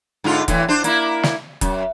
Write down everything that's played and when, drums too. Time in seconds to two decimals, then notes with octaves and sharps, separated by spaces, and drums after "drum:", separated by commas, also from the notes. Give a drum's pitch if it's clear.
0.24 G#2 D3 F4
0.48 A2 E3, drum: kick E1, hi-hat
0.69 D4 C5
0.84 A#3 E4, drum: hi-hat
1.23 drum: snare
1.61 F#2, drum: kick E1, hi-hat